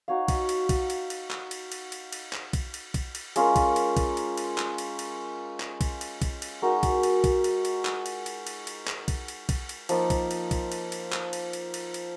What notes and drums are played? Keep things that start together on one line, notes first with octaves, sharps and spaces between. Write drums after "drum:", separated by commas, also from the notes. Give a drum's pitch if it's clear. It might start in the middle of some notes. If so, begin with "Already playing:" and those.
D#4 F#4 C#5 F5
drum: kick B1, cymbal
drum: cymbal
drum: kick B1, cymbal
drum: cymbal
drum: cymbal
drum: clap
drum: cymbal
drum: cymbal
drum: cymbal
drum: cymbal
drum: clap
drum: kick B1, cymbal
drum: cymbal
drum: kick B1, cymbal
drum: cymbal
G#3 C#4 F4 A#4, drum: cymbal
drum: kick B1, cymbal
drum: cymbal
drum: kick B1, cymbal
drum: cymbal
drum: cymbal
drum: clap
drum: cymbal
drum: cymbal
drum: clap
drum: kick B1, cymbal
drum: cymbal
drum: kick B1, cymbal
drum: cymbal
G#3 D#4 F#4 A#4
drum: kick B1, cymbal
drum: cymbal
drum: kick B1, cymbal
drum: cymbal
drum: cymbal
drum: clap
drum: cymbal
drum: cymbal
drum: cymbal
drum: cymbal
drum: clap
drum: kick B1, cymbal
drum: cymbal
drum: kick B1, cymbal
drum: cymbal
F3 A#3 D#4, drum: cymbal
drum: kick B1, cymbal
drum: cymbal
drum: kick B1, cymbal
drum: cymbal
drum: cymbal
drum: clap
drum: cymbal
drum: cymbal
drum: cymbal
drum: cymbal